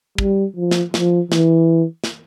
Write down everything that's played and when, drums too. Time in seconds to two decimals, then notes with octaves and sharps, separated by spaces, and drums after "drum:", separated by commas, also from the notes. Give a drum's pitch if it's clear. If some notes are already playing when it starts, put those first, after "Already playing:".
0.18 G3, drum: kick
0.56 F3
0.71 drum: snare
0.94 F3, drum: snare
1.32 E3, drum: snare
2.04 drum: snare